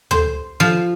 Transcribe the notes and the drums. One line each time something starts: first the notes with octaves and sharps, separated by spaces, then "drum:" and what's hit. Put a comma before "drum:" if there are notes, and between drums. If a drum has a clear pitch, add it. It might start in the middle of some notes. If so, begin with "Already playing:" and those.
C5, drum: tom
F3